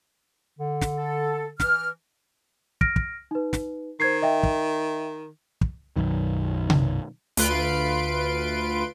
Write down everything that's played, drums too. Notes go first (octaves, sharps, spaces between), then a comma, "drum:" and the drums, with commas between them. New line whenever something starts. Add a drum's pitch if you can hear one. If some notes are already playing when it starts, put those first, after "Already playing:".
D3
drum: snare
A4
E3 F6, drum: snare
F6 A#6 D7, drum: kick
drum: kick
D#4 B4
drum: snare
D#3 C5 G#6 C7
D#5 E5 G5
drum: kick
drum: kick
B1 F#2 D#3
drum: tom C3
D2 F4 B4 C6 D7, drum: hi-hat